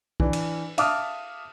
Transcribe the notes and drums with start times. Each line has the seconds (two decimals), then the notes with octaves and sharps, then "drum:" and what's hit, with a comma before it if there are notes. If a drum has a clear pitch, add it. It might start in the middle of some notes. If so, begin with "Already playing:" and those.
0.20 E3 D4, drum: kick
0.33 drum: cymbal
0.78 E5 F5 A5 D6 D#6 F6, drum: cymbal